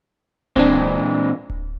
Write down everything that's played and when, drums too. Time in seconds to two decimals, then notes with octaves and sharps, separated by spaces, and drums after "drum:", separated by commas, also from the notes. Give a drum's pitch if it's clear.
0.56 A#2 E3 G#3 C4 D4, drum: kick D1
1.50 drum: kick D1